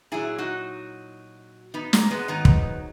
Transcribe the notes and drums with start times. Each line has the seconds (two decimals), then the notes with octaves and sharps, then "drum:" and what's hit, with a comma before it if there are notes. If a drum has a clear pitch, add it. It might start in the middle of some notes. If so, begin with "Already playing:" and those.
0.12 A#2 F#3 E4 G#4
0.38 D#4 F#4
1.74 B3 D#4
1.93 A#3, drum: snare
2.11 G#3 B3
2.28 G#2 D#3 F#3 B3 D#4
2.45 drum: kick